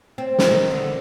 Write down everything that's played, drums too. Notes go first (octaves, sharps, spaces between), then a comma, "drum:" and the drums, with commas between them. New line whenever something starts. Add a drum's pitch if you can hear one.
C4
drum: snare
D#3
D3